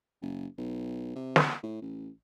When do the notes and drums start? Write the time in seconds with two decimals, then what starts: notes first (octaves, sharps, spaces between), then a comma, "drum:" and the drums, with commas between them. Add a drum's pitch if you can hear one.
0.22 F#1
0.58 B1
1.16 C3
1.36 drum: snare
1.63 A2
1.82 A1